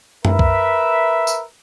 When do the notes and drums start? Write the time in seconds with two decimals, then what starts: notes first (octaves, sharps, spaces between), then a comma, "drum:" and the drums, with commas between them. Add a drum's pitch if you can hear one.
0.25 A#4 B4 E5, drum: tom F#2
0.39 drum: kick B1
1.27 drum: tambourine